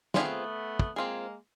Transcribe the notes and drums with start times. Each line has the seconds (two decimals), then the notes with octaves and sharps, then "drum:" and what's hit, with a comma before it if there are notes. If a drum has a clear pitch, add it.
0.14 A3 B3 C4 F4 G#4, drum: snare
0.79 drum: kick
0.96 G#3 A#3 C4 F4 G#4